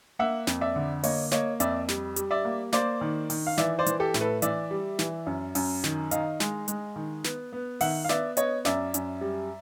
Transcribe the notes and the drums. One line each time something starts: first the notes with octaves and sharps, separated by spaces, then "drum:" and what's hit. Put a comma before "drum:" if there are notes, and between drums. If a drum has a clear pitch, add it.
A#3 E5 F#5
F2, drum: snare
D5 E5
D3
A#3 C#5 D#5, drum: open hi-hat
A#3 C#5 D#5, drum: snare
F2 D5 E5, drum: hi-hat
G3, drum: snare
G3, drum: hi-hat
D5 E5
A#3
A#3 C5 D5, drum: snare
D#3
D#3, drum: open hi-hat
F5
E3 D5 E5, drum: snare
C5 D5
E3, drum: hi-hat
G4 A4
A2, drum: snare
A4 B4
E3 D5 E5, drum: hi-hat
G3
E3, drum: snare
F#2
F#2, drum: open hi-hat
D#3, drum: snare
D#3 D#5 F5, drum: hi-hat
G#3, drum: snare
G#3, drum: hi-hat
D#3
B3, drum: snare
B3
D#3 E5 F#5, drum: open hi-hat
F5
B3 D5 E5, drum: snare
B3 C#5 D#5, drum: hi-hat
F#2 D5 E5, drum: snare
F#2, drum: hi-hat
G3